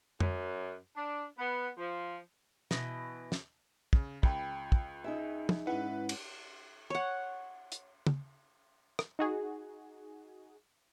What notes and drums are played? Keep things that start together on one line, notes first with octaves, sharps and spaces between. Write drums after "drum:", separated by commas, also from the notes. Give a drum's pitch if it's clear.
F#2, drum: tom F2
D4
B3
F3
B2 E3, drum: snare
drum: snare
C#3, drum: kick
C#2 F4 G5 B5, drum: kick
drum: kick
D#4 G#4 E5
drum: tom
G#2 C#4 E4 B4 F#5
drum: cymbal
C#5 F#5
drum: hi-hat
drum: tom
drum: rim click
D#4 F#4 G#4